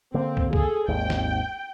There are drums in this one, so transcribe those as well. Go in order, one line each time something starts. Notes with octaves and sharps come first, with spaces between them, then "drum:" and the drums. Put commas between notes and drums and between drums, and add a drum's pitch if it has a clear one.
D3 A#3 C4
drum: kick
G#4 A4, drum: kick
G#1 D#2 G#2 G5
drum: snare